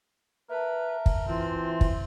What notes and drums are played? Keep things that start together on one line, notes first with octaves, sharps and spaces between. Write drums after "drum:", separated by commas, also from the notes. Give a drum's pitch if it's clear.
A#4 B4 E5 A5
drum: kick
E3 C4 F4
drum: kick